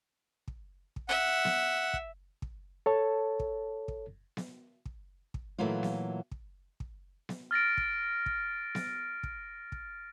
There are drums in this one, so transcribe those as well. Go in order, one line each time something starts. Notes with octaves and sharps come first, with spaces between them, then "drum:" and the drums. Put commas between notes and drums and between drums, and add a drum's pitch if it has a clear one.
drum: kick
drum: kick
E5 F#5
drum: snare B3
drum: kick
drum: kick
A4 C#5 A5
drum: kick
drum: kick
drum: snare B3
drum: kick
drum: kick
A#2 E3 F#3 A3 A#3 F4
drum: snare B3
drum: kick
drum: kick
drum: snare B3
F6 A6 A#6 D7
drum: kick
drum: kick
drum: snare B3
drum: kick
drum: kick